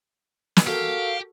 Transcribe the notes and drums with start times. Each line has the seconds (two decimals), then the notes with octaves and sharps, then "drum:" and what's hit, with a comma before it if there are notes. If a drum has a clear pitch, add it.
0.57 drum: snare
0.67 F#4 G4 A4 A#4 F5